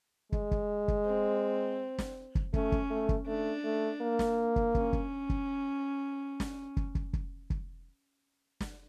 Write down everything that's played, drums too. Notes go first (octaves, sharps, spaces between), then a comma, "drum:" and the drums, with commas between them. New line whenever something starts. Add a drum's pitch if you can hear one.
G#3, drum: kick
drum: kick
drum: kick
C4
drum: snare
drum: kick
A3 C#4, drum: kick
drum: kick
A3
drum: kick
A3 D4
A3
A#3
drum: snare
drum: kick
C#4, drum: kick
drum: kick
drum: kick
drum: snare
drum: kick
drum: kick
drum: kick
drum: kick
drum: snare